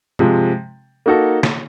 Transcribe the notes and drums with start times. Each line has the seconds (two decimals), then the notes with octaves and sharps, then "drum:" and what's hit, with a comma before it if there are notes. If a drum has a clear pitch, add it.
0.19 C3 F3 G#3, drum: tom G2
1.06 A#3 D#4 F#4 A4
1.43 drum: snare